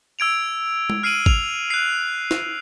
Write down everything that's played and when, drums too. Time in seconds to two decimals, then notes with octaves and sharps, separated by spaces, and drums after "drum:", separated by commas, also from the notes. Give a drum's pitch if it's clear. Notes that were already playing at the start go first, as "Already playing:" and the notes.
0.19 E6 G#6 D7 F7
0.90 drum: tom G#3
1.03 F6 C7 D7 D#7 F#7
1.26 F7, drum: kick
1.70 F#6 C7
2.31 drum: snare